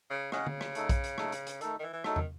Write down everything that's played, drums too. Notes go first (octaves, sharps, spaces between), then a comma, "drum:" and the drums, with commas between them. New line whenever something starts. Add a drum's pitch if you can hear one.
C#3
C#3 C#4 G#4 D#5 F#5, drum: rim click
drum: tom D3
drum: rim click
A3 D#4 A4, drum: hi-hat
drum: kick A#1, hi-hat
drum: hi-hat
A3 D#4 A4, drum: rim click
drum: hi-hat
drum: hi-hat
D#3 A3 D#4 A4, drum: hi-hat
D#3
E3
E3
F#3 A3 D#4 A4, drum: rim click
D#3, drum: tom